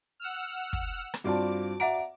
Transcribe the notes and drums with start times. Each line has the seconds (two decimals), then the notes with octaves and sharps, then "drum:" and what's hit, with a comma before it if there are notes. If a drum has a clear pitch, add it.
0.20 F#5 E6 F6
0.73 drum: kick
1.14 drum: rim click
1.24 G2 C4 F4 F#4 D5 A5 D6
1.80 E5 F#5 A#5 D7